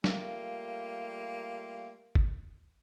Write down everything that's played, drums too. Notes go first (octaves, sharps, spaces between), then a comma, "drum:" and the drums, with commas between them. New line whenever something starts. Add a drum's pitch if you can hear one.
G3 A3 A#3 F4, drum: snare
drum: kick F#1